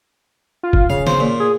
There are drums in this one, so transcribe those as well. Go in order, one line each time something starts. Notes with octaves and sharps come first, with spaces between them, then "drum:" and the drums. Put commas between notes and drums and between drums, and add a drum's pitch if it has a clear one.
F4
drum: kick
C#3 F5
C5, drum: snare
A#2
G#4